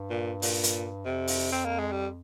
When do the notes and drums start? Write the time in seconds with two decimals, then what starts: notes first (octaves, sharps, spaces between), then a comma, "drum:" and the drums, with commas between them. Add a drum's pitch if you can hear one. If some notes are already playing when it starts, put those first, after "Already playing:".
Already playing: G2
0.10 A#2
0.42 A#2, drum: open hi-hat
0.64 drum: hi-hat
1.06 F2 C3
1.27 drum: open hi-hat
1.52 C4
1.65 A#3
1.79 G#3
1.92 G3